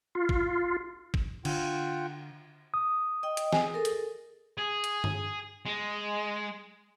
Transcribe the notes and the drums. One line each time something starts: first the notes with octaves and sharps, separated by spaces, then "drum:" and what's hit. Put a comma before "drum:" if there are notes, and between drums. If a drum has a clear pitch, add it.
F4
drum: kick
drum: kick
D3 F4 F#5 G5, drum: cymbal
D#6
D#5 G5
drum: hi-hat
G#4, drum: snare
A4 A#4
drum: hi-hat
G#4
drum: hi-hat
drum: tom G2
G#3